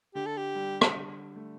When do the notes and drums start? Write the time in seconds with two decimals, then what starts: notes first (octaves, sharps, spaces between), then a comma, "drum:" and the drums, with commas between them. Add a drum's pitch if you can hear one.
0.15 D3 G4
0.26 A4
0.37 G4
0.55 G3
0.81 drum: rim click
0.96 D3
1.36 A3